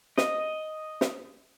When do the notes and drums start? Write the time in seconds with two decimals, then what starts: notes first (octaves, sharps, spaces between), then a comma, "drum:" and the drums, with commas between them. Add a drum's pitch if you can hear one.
0.18 D#5, drum: snare
1.01 drum: snare